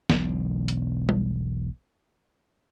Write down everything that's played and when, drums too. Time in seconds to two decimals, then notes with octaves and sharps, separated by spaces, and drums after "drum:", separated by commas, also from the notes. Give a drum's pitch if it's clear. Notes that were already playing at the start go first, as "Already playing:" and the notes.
0.10 E1 B1 D3, drum: snare
0.68 drum: hi-hat
1.09 drum: tom G3